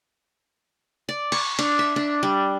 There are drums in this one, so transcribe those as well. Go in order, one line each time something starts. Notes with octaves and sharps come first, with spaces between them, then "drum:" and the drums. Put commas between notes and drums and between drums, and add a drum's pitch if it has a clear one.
D5
C#6, drum: cymbal
D4, drum: cymbal
E5
D4
G3